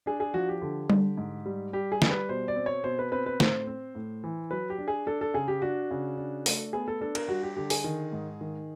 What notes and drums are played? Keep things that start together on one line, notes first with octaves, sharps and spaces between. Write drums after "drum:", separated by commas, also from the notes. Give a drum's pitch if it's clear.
D4 G#4
G#4
F3 F#4
G4
D3
D3, drum: tom G3
G#2
G3
G3 G4
G#4
G3, drum: snare
B4
B2 C5
D5
C4
C#5
B2 C5
B4
C4 B4
B4
A2 C5, drum: snare
C4
A2
E3
F#3 B4
G4
D4
G#4
D4 A4
A4
C#3 G#4
G4
D4 F#4
C#3
D4
A3, drum: open hi-hat
B3 G#4
A4
D4 A4
A#4, drum: cymbal
G3 F#4
G4
D3 G4
G#4, drum: open hi-hat
D#3
G#2
D#3